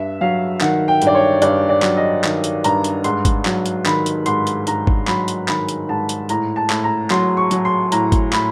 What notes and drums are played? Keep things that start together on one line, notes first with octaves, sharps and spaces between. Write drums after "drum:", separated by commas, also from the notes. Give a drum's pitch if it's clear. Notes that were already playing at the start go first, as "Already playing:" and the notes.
Already playing: G2 E5
F#3 F5
D#3 F#5, drum: clap
G5
G2, drum: hi-hat
D5
C#5
G2 D5, drum: hi-hat
D5
F#3, drum: clap
D#5
D#3, drum: clap
drum: hi-hat
G2 A#5, drum: hi-hat
drum: hi-hat
G#2 C6, drum: hi-hat
drum: kick, hi-hat
F#3, drum: clap
drum: hi-hat
D#3 B5, drum: clap
drum: hi-hat
G#2 C6, drum: hi-hat
drum: hi-hat
G#2 A#5, drum: hi-hat
drum: kick
F#3 B5, drum: clap
drum: hi-hat
D#3 B5, drum: clap
drum: hi-hat
G#2 A5
drum: hi-hat
A2 A#5, drum: hi-hat
A5
A2, drum: clap
A#5
F#3 C6, drum: clap
C#6
F#3, drum: hi-hat
C6
A2 A#5, drum: hi-hat
drum: kick, hi-hat
A2 B5, drum: clap